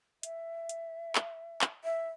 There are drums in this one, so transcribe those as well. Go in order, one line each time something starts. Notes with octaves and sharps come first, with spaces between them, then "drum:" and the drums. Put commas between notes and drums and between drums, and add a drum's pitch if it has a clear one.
E5, drum: hi-hat
drum: hi-hat
drum: clap
drum: clap
E5